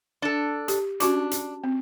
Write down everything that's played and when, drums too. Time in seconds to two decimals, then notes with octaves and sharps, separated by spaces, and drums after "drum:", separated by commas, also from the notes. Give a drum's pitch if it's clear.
0.22 D4 A4
0.68 G4, drum: hi-hat
1.00 C#4 D4 F#4 D6, drum: hi-hat
1.31 drum: hi-hat
1.64 C4